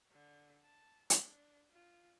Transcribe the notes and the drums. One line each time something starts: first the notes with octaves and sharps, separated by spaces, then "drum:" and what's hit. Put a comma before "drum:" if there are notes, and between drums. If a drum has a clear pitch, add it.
D3
A5
D4, drum: hi-hat
F4